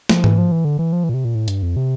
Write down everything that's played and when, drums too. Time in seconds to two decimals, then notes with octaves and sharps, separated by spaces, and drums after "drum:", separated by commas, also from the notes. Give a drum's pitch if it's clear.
0.09 F3, drum: snare
0.24 E3, drum: tom G#2
0.38 F3
0.52 E3
0.65 D3
0.79 E3
0.93 F3
1.04 E3
1.09 A#2
1.14 C3
1.25 A#2
1.35 A2
1.48 G2, drum: hi-hat
1.63 F2
1.77 C3